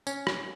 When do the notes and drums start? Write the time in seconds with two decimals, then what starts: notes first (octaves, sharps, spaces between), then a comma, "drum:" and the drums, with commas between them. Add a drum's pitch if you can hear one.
0.07 C#4, drum: tambourine
0.27 drum: rim click